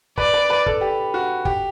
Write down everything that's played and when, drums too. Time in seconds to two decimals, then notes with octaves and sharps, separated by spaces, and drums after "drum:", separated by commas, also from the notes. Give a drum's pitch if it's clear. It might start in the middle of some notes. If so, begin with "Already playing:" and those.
0.18 B4 D5, drum: kick
0.34 B4
0.50 B4
0.66 A4, drum: kick
0.81 G4
1.14 F#4
1.45 G4, drum: kick